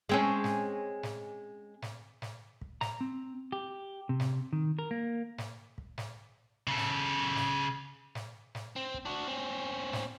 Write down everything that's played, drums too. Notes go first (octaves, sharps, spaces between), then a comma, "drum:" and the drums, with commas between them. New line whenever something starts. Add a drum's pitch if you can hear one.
G#3 C4 C#4
drum: snare
drum: snare
drum: snare
drum: snare
drum: kick
A#5, drum: snare
C4
G4
C3
drum: snare
D#3
A#4
A#3
drum: snare
drum: kick
drum: snare
C#3 A4
drum: snare
drum: snare
drum: snare
drum: snare
C4
drum: kick
D4 F#4
C4 C#4
drum: snare